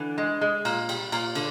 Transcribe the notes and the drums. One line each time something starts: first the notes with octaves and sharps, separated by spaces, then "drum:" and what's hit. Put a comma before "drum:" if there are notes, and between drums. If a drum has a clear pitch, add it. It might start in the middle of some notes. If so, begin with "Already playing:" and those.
Already playing: D3 E3 D4
G#3
G#3
A#2, drum: cymbal
G3, drum: cymbal
A#2, drum: cymbal
D3, drum: cymbal